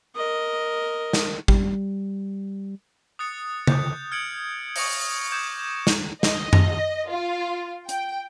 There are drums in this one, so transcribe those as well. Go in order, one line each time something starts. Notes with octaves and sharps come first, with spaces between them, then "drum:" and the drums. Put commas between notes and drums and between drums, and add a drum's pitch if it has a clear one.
A#4 D#5
drum: snare
G3, drum: kick G#1
D#6 F#6 A6 C#7
G6 A6, drum: tom C#3
F6 G#6 C#7 D7 F#7
C#6 D#6 A#6 C#7, drum: open hi-hat
D6 G6 G#6 E7
drum: snare
D#5, drum: snare
drum: tom F#2
F4
G5, drum: hi-hat